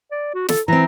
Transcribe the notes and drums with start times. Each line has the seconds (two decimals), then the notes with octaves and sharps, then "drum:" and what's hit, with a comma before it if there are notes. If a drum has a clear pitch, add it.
0.11 D5
0.34 F#4
0.49 A4, drum: snare
0.68 E3 C4 A#5